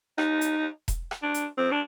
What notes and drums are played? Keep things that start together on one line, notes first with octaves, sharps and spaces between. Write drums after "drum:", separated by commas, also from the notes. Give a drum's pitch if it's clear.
D#4, drum: rim click
drum: hi-hat
drum: kick E1, hi-hat
drum: rim click
D4
drum: hi-hat
C4
D4